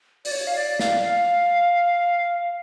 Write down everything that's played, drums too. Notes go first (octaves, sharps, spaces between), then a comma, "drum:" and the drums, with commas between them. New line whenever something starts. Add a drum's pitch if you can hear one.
D5, drum: open hi-hat
C#5
F5
D5
F5, drum: snare
F5